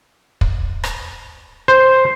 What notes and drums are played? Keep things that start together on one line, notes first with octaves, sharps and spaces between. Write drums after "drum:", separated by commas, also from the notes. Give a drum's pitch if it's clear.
drum: kick
drum: rim click
C5